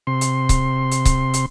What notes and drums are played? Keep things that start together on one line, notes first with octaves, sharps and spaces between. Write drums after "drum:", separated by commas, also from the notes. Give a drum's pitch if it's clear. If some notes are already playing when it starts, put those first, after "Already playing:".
C3 C6
drum: hi-hat
drum: kick C#1, hi-hat
drum: hi-hat
drum: kick C#1, hi-hat
drum: hi-hat